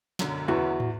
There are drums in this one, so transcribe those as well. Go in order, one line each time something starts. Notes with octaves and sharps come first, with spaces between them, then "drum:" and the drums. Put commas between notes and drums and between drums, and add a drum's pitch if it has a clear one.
B1 F#2 D3, drum: snare
E2 F#4
drum: tom